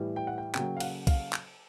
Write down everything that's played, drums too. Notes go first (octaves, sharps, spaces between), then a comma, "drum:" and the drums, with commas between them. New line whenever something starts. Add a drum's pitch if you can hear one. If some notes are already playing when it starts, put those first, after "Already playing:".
Already playing: A2 E3 G3
G5
F#5
G5
C#3 F#3 A#3 G5, drum: clap
F5
F#5, drum: cymbal
F5, drum: kick B1, cymbal
drum: clap